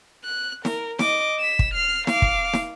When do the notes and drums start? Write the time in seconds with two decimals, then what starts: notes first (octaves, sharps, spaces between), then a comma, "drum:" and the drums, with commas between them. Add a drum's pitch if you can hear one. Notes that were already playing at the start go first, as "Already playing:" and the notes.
0.25 F#6
0.65 A#4, drum: snare
0.99 D#5 D6, drum: snare
1.39 B6 E7
1.59 drum: kick
1.74 F6 C7
2.07 F5 D6, drum: snare
2.22 drum: kick
2.54 drum: snare